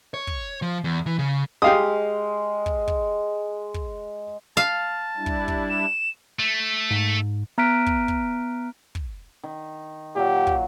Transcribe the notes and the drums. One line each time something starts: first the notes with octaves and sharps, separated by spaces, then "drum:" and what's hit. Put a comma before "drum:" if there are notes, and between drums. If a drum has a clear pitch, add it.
C#5
drum: kick
F3
E2
E3
C#3
G#3 G4 F5 D#6
drum: kick
drum: kick
drum: kick
F5 A5
G3 D4 E4
drum: kick
drum: kick
E7
A3
G#2
B3 A#5 F6 F#6 B6 D7
drum: kick
drum: kick
drum: kick
D#3
A#2 F#3 G4
drum: kick